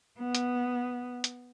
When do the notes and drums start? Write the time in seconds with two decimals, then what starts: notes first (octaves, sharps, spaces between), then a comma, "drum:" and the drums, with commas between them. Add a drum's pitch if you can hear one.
0.18 B3
0.35 drum: hi-hat
1.24 drum: hi-hat